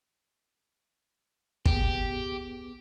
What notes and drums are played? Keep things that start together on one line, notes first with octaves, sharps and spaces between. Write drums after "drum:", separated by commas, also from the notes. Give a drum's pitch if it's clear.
B3 G4 G#4, drum: kick